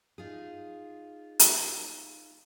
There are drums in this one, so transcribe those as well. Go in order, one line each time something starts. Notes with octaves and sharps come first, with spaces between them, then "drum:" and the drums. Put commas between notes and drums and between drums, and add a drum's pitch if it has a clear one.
D#4 F4 G#4
drum: hi-hat